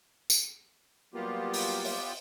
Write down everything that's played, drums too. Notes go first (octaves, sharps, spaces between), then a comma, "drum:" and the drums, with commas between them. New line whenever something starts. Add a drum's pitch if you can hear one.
drum: tambourine
F#3 G3 A#3 B3 F4 G4
drum: open hi-hat
drum: open hi-hat